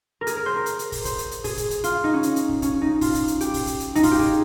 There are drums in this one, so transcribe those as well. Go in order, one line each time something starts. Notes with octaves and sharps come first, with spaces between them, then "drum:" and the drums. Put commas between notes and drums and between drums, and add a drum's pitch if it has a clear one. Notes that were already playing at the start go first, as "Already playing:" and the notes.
A#4
G#4, drum: hi-hat
A#4
C5
A#4
drum: hi-hat
drum: hi-hat
drum: kick, open hi-hat
C5, drum: kick, hi-hat
drum: hi-hat
drum: hi-hat
G#4, drum: kick, open hi-hat
drum: kick, hi-hat
drum: hi-hat
F4, drum: hi-hat
D#4
C#4
drum: hi-hat
drum: hi-hat
drum: kick
C#4, drum: kick, hi-hat
D#4
F4, drum: kick, open hi-hat
drum: kick, hi-hat
drum: hi-hat
G4, drum: hi-hat
drum: kick, open hi-hat
drum: kick, hi-hat
drum: hi-hat
D#4, drum: hi-hat
F4, drum: kick, open hi-hat
G4
G#4, drum: kick